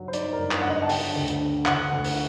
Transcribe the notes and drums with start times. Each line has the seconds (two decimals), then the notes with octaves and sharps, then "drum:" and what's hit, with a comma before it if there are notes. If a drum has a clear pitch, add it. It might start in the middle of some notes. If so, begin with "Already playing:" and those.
Already playing: G2 F#3 D#4
0.08 C5
0.13 D#4 D5, drum: hi-hat
0.33 A#4
0.39 G2
0.51 drum: clap
0.61 G2 F#5
0.70 D#5
0.82 A5
0.89 D3 G5, drum: open hi-hat
1.16 D2
1.28 drum: hi-hat
1.40 D4
1.66 D2 F#5, drum: clap
1.92 D2
2.04 drum: open hi-hat